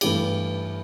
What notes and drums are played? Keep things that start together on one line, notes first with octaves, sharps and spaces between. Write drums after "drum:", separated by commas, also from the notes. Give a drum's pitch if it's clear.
G2 E3 A3 E4 G4, drum: cymbal